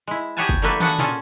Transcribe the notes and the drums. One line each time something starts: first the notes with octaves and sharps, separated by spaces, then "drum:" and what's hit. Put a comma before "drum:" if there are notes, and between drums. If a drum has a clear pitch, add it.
G#3 E4
G4 G#4 C#5 F#5 G#5 A5
drum: kick, hi-hat
D3 F3 A3 A#3 A4 B4
B3 D4 F#4 A4 F#5 G#5, drum: tom
A#2 C#4 F4 G#4 A4, drum: tom